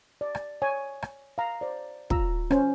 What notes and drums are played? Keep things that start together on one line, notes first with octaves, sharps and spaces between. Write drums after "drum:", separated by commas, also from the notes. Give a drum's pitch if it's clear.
D5
drum: rim click
C#5 G#5
drum: rim click
F5 A#5
C5 D5
F4 A#5 E6, drum: kick
C#4 C5, drum: rim click